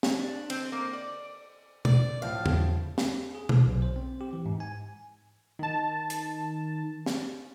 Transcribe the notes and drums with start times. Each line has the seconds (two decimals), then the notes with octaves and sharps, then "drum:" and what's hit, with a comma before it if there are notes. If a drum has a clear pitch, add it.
0.03 drum: snare
0.21 D4
0.50 C4, drum: cymbal
0.72 A#3
0.93 D5
1.85 D5, drum: tom B2
2.22 A2 F3 F5
2.46 drum: tom
2.98 drum: snare
3.35 G#4
3.49 C3, drum: tom B2
3.67 B1
3.82 C5
3.96 C4
4.21 G4
4.33 E3
4.46 G#2
4.60 G#5
5.59 D#3 A5
6.10 drum: hi-hat
7.06 drum: snare